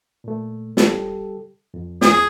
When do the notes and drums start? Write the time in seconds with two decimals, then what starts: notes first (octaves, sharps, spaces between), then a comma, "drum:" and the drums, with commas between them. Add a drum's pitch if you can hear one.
0.24 A#2 A3
0.77 G3 G4 A4, drum: snare
1.74 F2
2.01 G#4, drum: snare